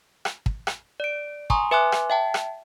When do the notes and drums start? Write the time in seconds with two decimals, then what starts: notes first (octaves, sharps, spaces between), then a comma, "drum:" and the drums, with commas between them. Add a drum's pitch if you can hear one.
0.25 drum: rim click
0.46 drum: kick
0.67 drum: rim click
1.00 D5 D7
1.50 G#5 A#5 C6 C#6 D#6, drum: kick
1.71 B4 E5 G#5 C6 D6 F#6
1.92 drum: rim click
2.10 E5 G5 A5
2.34 drum: rim click